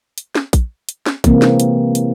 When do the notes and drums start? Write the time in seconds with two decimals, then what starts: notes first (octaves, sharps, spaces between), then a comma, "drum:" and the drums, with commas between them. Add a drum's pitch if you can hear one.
0.18 drum: hi-hat
0.35 drum: snare
0.53 drum: kick A#1, hi-hat
0.89 drum: hi-hat
1.06 drum: snare
1.24 C3 E3 G#3 A#3 C4, drum: kick A#1, hi-hat
1.42 drum: snare
1.60 drum: hi-hat
1.95 drum: hi-hat